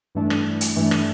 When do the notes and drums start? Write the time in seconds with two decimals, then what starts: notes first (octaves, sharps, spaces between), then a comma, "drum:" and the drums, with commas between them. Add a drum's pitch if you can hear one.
0.15 G2 E3 A3 D4
0.30 drum: rim click
0.61 drum: hi-hat
0.76 G2 E3 A3 D4
0.91 drum: rim click